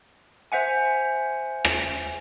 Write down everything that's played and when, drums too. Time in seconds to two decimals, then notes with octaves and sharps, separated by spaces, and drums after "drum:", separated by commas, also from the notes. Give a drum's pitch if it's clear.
0.52 C5 E5 F#5 G#5
1.65 drum: rim click